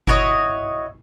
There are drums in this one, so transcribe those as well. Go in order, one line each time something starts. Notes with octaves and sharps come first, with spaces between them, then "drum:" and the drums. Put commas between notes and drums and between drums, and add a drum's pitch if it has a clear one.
E4 F#4 C#5 D#5, drum: kick G1